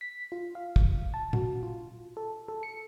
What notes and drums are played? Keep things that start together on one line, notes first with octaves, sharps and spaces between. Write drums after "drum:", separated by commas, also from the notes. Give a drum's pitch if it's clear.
B6
F4
F5
drum: kick
A5
F#4, drum: tom A#2
F4
A4
A4
C#7